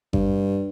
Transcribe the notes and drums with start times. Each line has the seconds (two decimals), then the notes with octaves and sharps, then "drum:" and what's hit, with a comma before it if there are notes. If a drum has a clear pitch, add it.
0.13 G2, drum: kick G#1